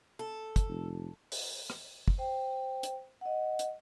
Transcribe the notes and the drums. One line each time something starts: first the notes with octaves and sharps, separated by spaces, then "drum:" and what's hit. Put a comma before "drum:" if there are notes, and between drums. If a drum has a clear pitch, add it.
A4
drum: kick, hi-hat
F1
drum: open hi-hat
drum: rim click
drum: kick
C5 G5
drum: hi-hat
D#5 F#5
drum: hi-hat